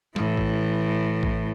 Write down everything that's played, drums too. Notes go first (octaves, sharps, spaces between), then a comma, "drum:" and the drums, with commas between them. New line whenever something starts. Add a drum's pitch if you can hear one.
A2 E3, drum: snare
drum: kick A#1
drum: kick A#1